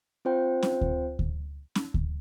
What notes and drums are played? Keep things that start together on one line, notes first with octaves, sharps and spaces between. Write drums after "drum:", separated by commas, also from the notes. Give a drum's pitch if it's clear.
C4 F4 C5 G5
drum: snare C#4
drum: kick D2
drum: kick D2
drum: snare C#4
drum: kick D2